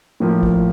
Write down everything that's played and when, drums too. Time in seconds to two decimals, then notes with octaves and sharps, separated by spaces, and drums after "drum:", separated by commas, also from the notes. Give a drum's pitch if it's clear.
0.20 A2 F3 A#3
0.43 drum: kick